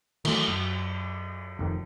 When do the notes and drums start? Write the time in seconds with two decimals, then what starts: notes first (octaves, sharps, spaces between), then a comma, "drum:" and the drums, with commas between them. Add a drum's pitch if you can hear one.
0.25 D#3 E3 F#3 A3, drum: cymbal
0.48 F#2
1.59 F1 F2 D#3